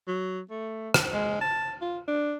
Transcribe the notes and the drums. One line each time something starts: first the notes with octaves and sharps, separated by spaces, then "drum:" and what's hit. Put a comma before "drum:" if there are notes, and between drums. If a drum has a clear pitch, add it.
F#3
A3
drum: rim click
G#3
A5
F4
D4